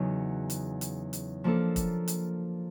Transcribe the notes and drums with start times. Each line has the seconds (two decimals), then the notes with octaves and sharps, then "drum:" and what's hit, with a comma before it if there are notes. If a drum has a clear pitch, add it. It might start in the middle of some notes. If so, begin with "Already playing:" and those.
Already playing: E2 C#3 F#3 D#4
0.50 drum: hi-hat
0.81 drum: hi-hat
1.13 drum: hi-hat
1.44 F3 A#3 D4 F4 A4
1.76 drum: kick, hi-hat
2.08 drum: hi-hat